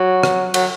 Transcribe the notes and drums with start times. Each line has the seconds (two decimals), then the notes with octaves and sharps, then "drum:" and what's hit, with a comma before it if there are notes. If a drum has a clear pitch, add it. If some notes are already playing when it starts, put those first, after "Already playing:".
Already playing: F#3
0.23 drum: rim click
0.54 F#3, drum: cymbal